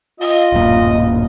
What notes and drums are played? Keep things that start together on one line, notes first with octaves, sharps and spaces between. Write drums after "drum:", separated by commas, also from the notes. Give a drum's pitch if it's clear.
F4 D#5, drum: open hi-hat
D1 F#2 A#2